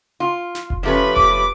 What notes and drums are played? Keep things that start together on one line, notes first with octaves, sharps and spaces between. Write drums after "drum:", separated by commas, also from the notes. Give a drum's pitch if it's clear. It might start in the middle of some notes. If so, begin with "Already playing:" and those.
F4
drum: snare
drum: kick F1
F3 A3 C#4 G4 B4 B5
D6, drum: kick F1